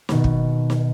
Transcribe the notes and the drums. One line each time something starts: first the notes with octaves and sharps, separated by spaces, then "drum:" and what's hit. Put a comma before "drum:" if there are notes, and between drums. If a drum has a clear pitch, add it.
B2 D#3 B3, drum: snare
drum: kick
drum: snare